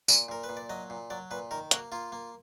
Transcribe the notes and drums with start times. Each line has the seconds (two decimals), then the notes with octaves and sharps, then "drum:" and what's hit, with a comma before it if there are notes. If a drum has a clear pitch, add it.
0.08 A#2, drum: tambourine
0.28 A#2 A#4
0.44 B4
0.49 A#2
0.57 D5
0.69 F#3 D#5
0.90 A#2
1.10 F#3 D5
1.31 A#2 B4
1.51 D#3 A#4
1.71 A#3 F#4, drum: hi-hat
1.92 A#3 F4
2.12 A#3